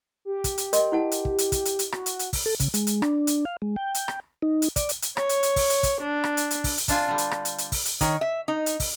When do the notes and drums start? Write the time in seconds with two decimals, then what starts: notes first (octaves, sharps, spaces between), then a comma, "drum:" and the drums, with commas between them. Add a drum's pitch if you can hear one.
0.25 G4
0.44 drum: kick, hi-hat
0.58 drum: hi-hat
0.73 A#4 D#5 C6, drum: hi-hat
0.92 E4 F#5 A5
1.11 drum: hi-hat
1.25 drum: kick
1.38 drum: hi-hat
1.52 drum: kick, hi-hat
1.65 drum: hi-hat
1.79 drum: hi-hat
1.92 F#4, drum: rim click
2.06 drum: hi-hat
2.19 drum: hi-hat
2.33 drum: kick, open hi-hat
2.46 A4
2.60 C#3, drum: kick, hi-hat
2.74 G#3, drum: hi-hat
2.87 drum: hi-hat
3.02 D4, drum: rim click
3.27 drum: hi-hat
3.45 F5
3.62 G#3
3.76 G5
3.94 drum: hi-hat
4.08 drum: rim click
4.42 D#4
4.62 drum: hi-hat
4.76 D5, drum: kick, hi-hat
4.89 drum: hi-hat
5.02 drum: hi-hat
5.17 C#5, drum: rim click
5.29 drum: hi-hat
5.43 drum: hi-hat
5.56 drum: kick, open hi-hat
5.70 drum: hi-hat
5.83 drum: kick, hi-hat
6.02 D4
6.24 drum: rim click
6.37 drum: hi-hat
6.51 drum: hi-hat
6.64 drum: kick, open hi-hat
6.78 drum: hi-hat
6.88 C3 D4 F4 G#5, drum: kick, hi-hat
7.08 D3 G3
7.18 drum: hi-hat
7.31 drum: rim click
7.45 drum: hi-hat
7.58 drum: hi-hat
7.72 drum: kick, open hi-hat
7.85 drum: hi-hat
8.01 D#3 C#5, drum: kick, hi-hat
8.21 E5
8.48 D#4
8.66 drum: hi-hat
8.80 drum: kick, open hi-hat